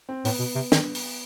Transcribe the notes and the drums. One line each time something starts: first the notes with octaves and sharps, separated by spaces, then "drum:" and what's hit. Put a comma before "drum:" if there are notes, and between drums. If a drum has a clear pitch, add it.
C4
A2 B3, drum: open hi-hat
B2
C3
D#3, drum: snare
drum: open hi-hat